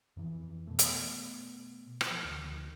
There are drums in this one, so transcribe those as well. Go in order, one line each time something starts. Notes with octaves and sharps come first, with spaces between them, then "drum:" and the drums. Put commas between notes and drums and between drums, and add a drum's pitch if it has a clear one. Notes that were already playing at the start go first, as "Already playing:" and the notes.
F2 E3
B2 A3
drum: hi-hat
drum: rim click
F3
D2 D#3